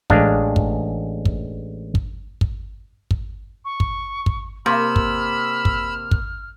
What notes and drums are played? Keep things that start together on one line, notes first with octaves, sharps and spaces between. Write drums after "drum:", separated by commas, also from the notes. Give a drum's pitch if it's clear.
A1 G#3 D4 F5, drum: kick
drum: kick
drum: kick
drum: kick
drum: kick
drum: kick
C#6
drum: kick
drum: kick
C3 A#3 B5 E6 F6
drum: kick
drum: kick
drum: kick